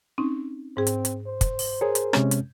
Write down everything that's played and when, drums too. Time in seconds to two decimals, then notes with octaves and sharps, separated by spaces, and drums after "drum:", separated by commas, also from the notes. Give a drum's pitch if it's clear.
0.18 C4 C#4 D#4
0.77 G#2 C4 G#4
0.87 drum: hi-hat
1.05 drum: hi-hat
1.27 C5
1.41 drum: kick, hi-hat
1.59 drum: open hi-hat
1.81 G#4 A#4 C#5
1.95 drum: hi-hat
2.13 C3 G#3 C#4, drum: rim click
2.31 drum: hi-hat